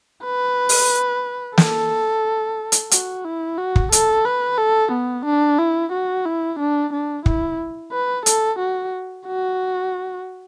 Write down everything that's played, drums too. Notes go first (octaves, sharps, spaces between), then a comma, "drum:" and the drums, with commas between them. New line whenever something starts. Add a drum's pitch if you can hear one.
B4
drum: open hi-hat
A4, drum: snare
drum: hi-hat
F#4, drum: hi-hat
E4
F#4
drum: kick
A4, drum: hi-hat
B4
A4
B3
D4
E4
F#4
E4
D4
D4
E4, drum: kick
B4
A4, drum: hi-hat
F#4
F#4